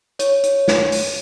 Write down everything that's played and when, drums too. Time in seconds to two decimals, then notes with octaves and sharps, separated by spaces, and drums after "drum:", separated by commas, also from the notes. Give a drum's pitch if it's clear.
0.19 C#5, drum: hi-hat
0.44 drum: hi-hat
0.68 drum: snare
0.92 drum: open hi-hat